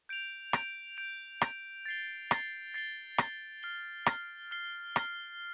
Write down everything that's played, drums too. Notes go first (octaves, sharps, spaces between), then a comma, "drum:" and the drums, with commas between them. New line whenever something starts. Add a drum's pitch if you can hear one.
G6 D7 F7
G6 D7 F7, drum: rim click
G6 D7 F7
G6 D7 F7, drum: rim click
A6 C7 G7
A6 C7 G7, drum: rim click
A6 C7 G7
A6 C7 G7, drum: rim click
F6 C7 G7
F6 C7 G7, drum: rim click
F6 C7 G7
F6 C7 G7, drum: rim click